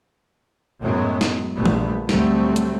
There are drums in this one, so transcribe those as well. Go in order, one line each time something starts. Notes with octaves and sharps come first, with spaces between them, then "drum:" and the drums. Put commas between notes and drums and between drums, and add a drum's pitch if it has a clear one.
F#2 A2 F#3 G#3 B3
drum: snare
A#1 A#2 D3 G3 A3 B3
drum: tom E3
D2 F#3 G3 A3 C4, drum: snare
drum: hi-hat